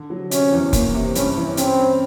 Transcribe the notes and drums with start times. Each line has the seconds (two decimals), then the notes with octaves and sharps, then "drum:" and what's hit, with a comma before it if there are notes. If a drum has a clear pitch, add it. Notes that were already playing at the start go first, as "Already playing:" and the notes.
Already playing: D3
0.10 F#3
0.31 C3 C#4, drum: hi-hat
0.52 E2
0.73 A#3, drum: kick F1, hi-hat
0.94 C3
1.15 G2 C#4, drum: hi-hat
1.37 E3
1.57 C4 C#4, drum: hi-hat
1.78 C#4